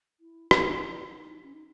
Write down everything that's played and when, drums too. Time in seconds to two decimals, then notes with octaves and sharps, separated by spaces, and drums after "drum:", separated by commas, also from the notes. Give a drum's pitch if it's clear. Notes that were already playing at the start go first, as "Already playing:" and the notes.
0.20 E4
0.51 E4, drum: rim click
0.73 F#4
0.82 E4
1.12 D#4
1.43 C#4
1.53 D#4